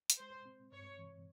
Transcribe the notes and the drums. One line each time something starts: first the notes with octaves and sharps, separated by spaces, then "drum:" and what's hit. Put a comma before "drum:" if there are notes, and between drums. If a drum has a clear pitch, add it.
drum: hi-hat
G#3 C5
C4
G2 C#5
E3